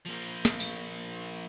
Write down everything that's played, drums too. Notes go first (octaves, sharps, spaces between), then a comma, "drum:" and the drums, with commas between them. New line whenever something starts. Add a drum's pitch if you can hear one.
F3 A#3
drum: snare
drum: tambourine